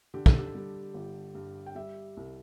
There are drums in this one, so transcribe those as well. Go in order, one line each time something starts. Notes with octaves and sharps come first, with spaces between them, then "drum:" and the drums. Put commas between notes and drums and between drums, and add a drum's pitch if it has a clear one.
D3 G4
A4, drum: kick
G4
G3
G1
G2
G5
G3 E5
C2